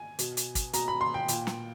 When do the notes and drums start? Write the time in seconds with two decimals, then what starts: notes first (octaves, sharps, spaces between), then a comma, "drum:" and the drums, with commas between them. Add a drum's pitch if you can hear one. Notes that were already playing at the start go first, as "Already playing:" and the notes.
Already playing: G#5
0.19 B2, drum: hi-hat
0.37 drum: hi-hat
0.55 drum: kick, hi-hat
0.73 B2 A#5, drum: hi-hat
0.88 B5
1.01 C6
1.14 G5
1.28 A#2, drum: hi-hat
1.47 drum: snare